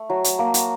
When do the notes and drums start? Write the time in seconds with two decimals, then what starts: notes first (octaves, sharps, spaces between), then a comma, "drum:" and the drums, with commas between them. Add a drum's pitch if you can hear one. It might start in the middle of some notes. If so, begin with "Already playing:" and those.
Already playing: A3
0.10 F#3
0.24 drum: hi-hat
0.39 A#3
0.54 F#4, drum: hi-hat